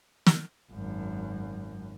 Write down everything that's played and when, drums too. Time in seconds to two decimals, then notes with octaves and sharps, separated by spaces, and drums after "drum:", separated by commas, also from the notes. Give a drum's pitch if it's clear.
0.26 drum: snare
0.71 G#1 F#2